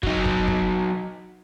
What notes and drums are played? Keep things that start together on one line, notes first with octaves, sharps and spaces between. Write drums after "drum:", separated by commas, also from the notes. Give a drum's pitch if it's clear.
F#3 D#4, drum: kick
drum: kick
drum: kick